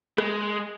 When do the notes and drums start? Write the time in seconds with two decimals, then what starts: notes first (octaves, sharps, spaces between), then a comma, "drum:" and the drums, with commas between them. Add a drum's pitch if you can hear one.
0.18 G#3, drum: rim click